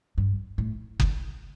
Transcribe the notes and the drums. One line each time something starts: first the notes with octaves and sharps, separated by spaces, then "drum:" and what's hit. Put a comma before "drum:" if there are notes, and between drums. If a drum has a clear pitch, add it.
G2
A2
D3, drum: kick F#1